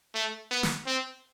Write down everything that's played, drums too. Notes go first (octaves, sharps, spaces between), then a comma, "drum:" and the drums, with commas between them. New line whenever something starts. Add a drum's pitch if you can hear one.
A3
B3
drum: snare
C4